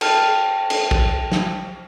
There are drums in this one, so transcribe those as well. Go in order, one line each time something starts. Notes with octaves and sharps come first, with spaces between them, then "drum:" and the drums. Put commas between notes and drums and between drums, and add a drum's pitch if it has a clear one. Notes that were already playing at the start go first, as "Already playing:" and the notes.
G5 A5 F6, drum: cymbal
drum: cymbal
drum: kick A#1
drum: snare